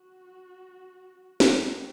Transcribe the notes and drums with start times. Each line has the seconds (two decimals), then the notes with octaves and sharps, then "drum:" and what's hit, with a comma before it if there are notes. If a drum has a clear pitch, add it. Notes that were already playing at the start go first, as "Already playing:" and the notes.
Already playing: F#4
1.40 drum: snare
1.57 G4